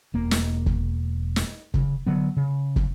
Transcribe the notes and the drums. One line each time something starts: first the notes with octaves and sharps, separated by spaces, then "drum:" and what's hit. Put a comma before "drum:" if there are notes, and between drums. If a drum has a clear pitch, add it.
E1 A#3
drum: snare
drum: kick
drum: snare
C#3, drum: kick
D3 F#3 B3
C#3
drum: kick